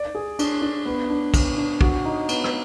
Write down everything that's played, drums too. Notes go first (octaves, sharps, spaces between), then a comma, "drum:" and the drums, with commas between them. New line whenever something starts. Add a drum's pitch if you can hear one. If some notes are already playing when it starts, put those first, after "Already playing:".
Already playing: D5
G#4
D4, drum: cymbal
D4
B3
D4
B3, drum: kick, cymbal
D4
F#4, drum: kick
D#4
B3, drum: cymbal
drum: rim click